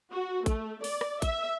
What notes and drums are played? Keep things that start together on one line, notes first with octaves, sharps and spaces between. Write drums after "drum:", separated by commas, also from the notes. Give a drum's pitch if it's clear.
F#4
A3, drum: kick, hi-hat
D5, drum: open hi-hat
drum: rim click
E5, drum: kick, hi-hat